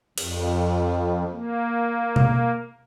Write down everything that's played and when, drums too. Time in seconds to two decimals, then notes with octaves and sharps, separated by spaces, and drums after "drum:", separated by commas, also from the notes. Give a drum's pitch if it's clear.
0.18 F2, drum: cymbal
1.31 A#3
2.16 drum: tom B2